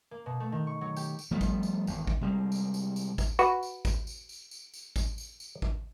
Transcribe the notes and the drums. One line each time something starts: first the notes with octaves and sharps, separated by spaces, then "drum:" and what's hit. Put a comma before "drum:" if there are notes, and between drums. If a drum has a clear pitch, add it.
A#3
B2
A3
D#3
C#6
F#3
G4, drum: tambourine
drum: tambourine
F3 G3 A3 B3
drum: kick G#1, tambourine
drum: tambourine
G#1 E2, drum: tambourine
drum: kick G#1
C3 G3 G#3
drum: tambourine
drum: tambourine
drum: tambourine
drum: kick G#1, tambourine
F#4 B4, drum: tambourine
drum: tambourine
drum: kick G#1, tambourine
drum: tambourine
drum: tambourine
drum: tambourine
drum: tambourine
drum: kick G#1, tambourine
drum: tambourine
drum: tambourine
drum: kick G#1